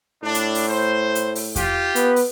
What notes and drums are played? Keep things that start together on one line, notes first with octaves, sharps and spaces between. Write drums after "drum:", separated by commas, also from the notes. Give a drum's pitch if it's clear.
A2 D4
drum: hi-hat
drum: open hi-hat
C5
drum: hi-hat
drum: open hi-hat
F4 G4, drum: kick E2, hi-hat
B3, drum: hi-hat
drum: open hi-hat